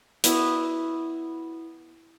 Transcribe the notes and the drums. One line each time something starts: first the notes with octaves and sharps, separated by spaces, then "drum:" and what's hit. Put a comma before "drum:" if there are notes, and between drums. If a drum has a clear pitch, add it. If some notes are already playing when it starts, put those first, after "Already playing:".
B3 E4 F#4 E5, drum: hi-hat